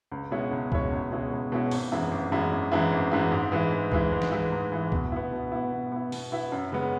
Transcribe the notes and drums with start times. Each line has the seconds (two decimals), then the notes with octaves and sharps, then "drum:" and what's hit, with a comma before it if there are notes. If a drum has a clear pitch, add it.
0.12 C#2
0.31 B2 G#3 E4 C#5
0.51 C#2
0.72 B2 G#3 E4 C#5, drum: kick C#2
0.92 C#2
1.12 B2 G#3 E4 C#5
1.32 C#2
1.52 B2 G#3 E4 C#5
1.71 G#1, drum: open hi-hat
1.92 F#2 E3 G#3 E4
2.11 G#1
2.32 F#2 E3 G#3 E4
2.52 G#1
2.72 F#2 E3 G#3 E4
2.92 G#1
3.12 F#2 E3 G#3 E4
3.32 G#2
3.52 E3 G#3 E4
3.72 G#2
3.92 E3 G#3 E4, drum: kick C#2
4.12 G#2
4.22 drum: snare
4.32 E3 G#3 E4
4.52 G#2
4.72 E3 G#3 E4
4.92 B2, drum: kick C#2
5.12 B3 E4
5.32 B2
5.52 B3 E4
5.72 B2
5.92 B3 E4
6.12 B2, drum: open hi-hat
6.32 B3 E4
6.52 F#2
6.72 C#3 G#3 B3